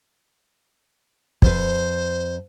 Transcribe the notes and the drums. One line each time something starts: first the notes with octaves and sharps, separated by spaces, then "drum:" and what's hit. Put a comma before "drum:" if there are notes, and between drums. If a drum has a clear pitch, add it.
F2 B4 C5, drum: kick